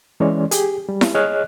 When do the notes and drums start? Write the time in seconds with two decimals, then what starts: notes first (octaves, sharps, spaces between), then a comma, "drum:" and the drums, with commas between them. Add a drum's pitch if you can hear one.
0.20 E3 G#3 C#4 C#5 D5
0.51 G4 G#4, drum: hi-hat
0.89 G3
1.01 drum: snare E4
1.14 G#4 C#5 D#5 F6 F#6